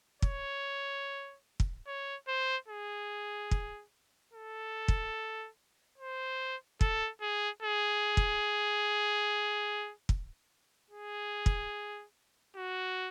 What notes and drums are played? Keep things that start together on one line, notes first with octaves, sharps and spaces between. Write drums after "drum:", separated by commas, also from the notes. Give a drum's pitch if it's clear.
C#5, drum: kick
drum: kick
C#5
C5
G#4
drum: kick
A4
drum: kick
C5
A4, drum: kick
G#4
G#4
drum: kick
drum: kick
G#4
drum: kick
F#4